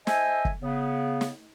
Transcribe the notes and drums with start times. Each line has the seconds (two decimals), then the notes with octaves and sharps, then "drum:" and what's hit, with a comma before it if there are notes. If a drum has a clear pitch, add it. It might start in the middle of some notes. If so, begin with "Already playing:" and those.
0.07 A4 C5 D#5 E5 G#5, drum: snare
0.45 drum: kick
0.62 C#3 B3
1.21 drum: snare